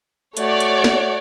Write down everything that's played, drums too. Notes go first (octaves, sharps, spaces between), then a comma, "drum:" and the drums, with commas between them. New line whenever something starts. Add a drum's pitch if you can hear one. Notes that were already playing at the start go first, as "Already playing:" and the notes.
A3 F#4 C#5 D5, drum: hi-hat
drum: hi-hat
drum: snare